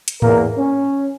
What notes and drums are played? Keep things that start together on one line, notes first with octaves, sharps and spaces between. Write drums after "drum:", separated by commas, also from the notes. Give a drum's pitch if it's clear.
drum: hi-hat
E2 A#3 A#4, drum: tom G#2
C#4